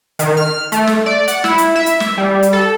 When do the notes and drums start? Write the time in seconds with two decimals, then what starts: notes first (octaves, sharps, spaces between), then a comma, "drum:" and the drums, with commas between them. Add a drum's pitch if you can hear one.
0.19 D#3, drum: hi-hat
0.37 F6
0.72 A3, drum: hi-hat
0.87 drum: snare
1.06 D5
1.28 F#5, drum: hi-hat
1.44 E4, drum: snare
1.58 drum: hi-hat
1.76 E5
1.86 drum: hi-hat
2.00 drum: snare
2.18 G3
2.43 drum: hi-hat
2.53 A4